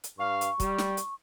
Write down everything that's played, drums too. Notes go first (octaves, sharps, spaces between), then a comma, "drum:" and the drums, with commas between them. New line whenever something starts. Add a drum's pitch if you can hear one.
drum: hi-hat
G2 F5 C#6
drum: hi-hat
G3, drum: kick, hi-hat
drum: snare
drum: hi-hat